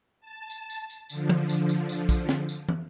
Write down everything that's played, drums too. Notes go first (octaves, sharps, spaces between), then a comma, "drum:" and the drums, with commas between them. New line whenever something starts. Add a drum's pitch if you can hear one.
A5
drum: tambourine
drum: tambourine
drum: tambourine
D3 F3, drum: tambourine
drum: tom
drum: tambourine
drum: tambourine
drum: tambourine
drum: kick, tambourine
drum: snare
drum: tambourine
drum: tom